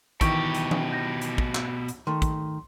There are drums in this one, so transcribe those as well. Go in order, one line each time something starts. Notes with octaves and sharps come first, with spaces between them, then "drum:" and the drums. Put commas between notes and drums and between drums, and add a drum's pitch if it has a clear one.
B2 D#3 E3 G4 C#6 G6, drum: kick, hi-hat
drum: hi-hat
drum: tom E3
G6 A#6
drum: hi-hat
drum: kick
drum: clap
drum: hi-hat
D#3 A3 C6
drum: kick, hi-hat